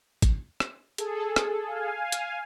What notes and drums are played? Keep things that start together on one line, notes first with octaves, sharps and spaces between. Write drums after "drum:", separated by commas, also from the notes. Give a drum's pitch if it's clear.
drum: kick A1, hi-hat
drum: rim click
G#4 A4, drum: hi-hat
drum: rim click
F5 G#5
drum: hi-hat